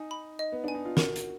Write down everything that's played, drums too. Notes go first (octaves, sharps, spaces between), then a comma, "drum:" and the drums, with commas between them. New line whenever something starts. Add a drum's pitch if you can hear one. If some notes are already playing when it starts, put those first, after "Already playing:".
Already playing: D#4 G#5
B5
D#5
B3
D4 G#5
D#4
F4
F#4 A#4, drum: snare
drum: hi-hat